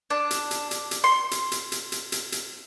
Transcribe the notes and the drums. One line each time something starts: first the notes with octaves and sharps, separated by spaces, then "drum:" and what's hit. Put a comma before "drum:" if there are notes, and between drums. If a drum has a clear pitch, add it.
D4
drum: hi-hat
drum: hi-hat
drum: hi-hat
drum: hi-hat
C6
drum: hi-hat
drum: hi-hat
drum: hi-hat
drum: hi-hat
drum: hi-hat
drum: hi-hat